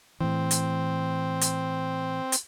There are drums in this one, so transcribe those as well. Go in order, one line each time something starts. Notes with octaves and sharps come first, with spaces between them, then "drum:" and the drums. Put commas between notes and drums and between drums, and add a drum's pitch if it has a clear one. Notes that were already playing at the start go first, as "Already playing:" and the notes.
A2 E3 C4
drum: hi-hat
drum: hi-hat
drum: hi-hat